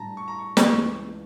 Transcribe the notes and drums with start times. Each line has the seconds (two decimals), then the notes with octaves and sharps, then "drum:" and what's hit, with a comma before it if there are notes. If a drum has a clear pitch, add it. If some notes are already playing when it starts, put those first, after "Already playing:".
Already playing: A2 G3 D4 A5 A#5
0.17 C#6
0.28 A#5
0.39 C#6
0.57 drum: snare
0.67 C#2 C#3 E3 A3 C#6